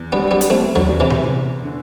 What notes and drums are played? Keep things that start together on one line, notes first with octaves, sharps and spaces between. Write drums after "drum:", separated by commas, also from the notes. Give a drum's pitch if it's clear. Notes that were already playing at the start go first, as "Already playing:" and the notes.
Already playing: E2
D3 G3 B3
G3 B3
drum: hi-hat
G3 A3 C4
D3 F#3, drum: tom D#2
E2
C3 E3
drum: tom C3
E2
D3